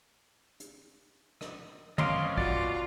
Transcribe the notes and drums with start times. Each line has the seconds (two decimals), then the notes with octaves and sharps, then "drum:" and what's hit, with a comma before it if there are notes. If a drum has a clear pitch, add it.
0.60 drum: hi-hat
1.41 drum: rim click
1.98 F#2 B2 C4 C#4 D#5 F5 C6 D6, drum: tom
2.38 B2 F4 F#4 D5, drum: kick A#1